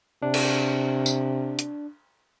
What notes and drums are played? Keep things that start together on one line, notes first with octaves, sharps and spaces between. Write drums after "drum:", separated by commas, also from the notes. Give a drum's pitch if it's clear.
C3 D4
drum: cymbal
drum: tambourine
drum: hi-hat